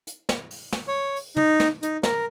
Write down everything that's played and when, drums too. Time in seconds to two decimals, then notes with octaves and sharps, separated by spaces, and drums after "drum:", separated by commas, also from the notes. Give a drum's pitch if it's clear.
0.07 drum: hi-hat
0.29 drum: snare
0.51 drum: open hi-hat
0.72 drum: snare
0.88 C#5
1.16 drum: open hi-hat
1.36 D#4, drum: tom
1.60 drum: snare
1.83 D#4, drum: hi-hat
2.03 A#4, drum: snare